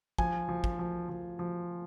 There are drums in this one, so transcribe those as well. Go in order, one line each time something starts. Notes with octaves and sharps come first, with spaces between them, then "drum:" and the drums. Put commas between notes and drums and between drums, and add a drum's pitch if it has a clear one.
F3 G#5, drum: kick
F3
drum: kick
F3
F3
F3